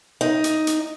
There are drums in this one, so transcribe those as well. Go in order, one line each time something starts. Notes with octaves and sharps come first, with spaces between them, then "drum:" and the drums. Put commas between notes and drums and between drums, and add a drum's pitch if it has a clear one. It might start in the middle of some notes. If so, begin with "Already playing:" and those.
D#4
drum: hi-hat
drum: hi-hat